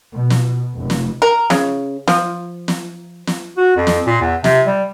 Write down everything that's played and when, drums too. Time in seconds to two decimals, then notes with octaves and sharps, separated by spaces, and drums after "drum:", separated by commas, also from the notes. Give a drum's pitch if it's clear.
0.14 B2
0.30 drum: snare
0.76 F1
0.90 drum: snare
1.22 A#4
1.50 C#3, drum: snare
2.08 F3, drum: snare
2.68 drum: snare
3.27 drum: snare
3.57 F#4
3.77 F2
3.87 drum: snare
4.06 A#2
4.21 E2
4.44 C3, drum: snare
4.67 G3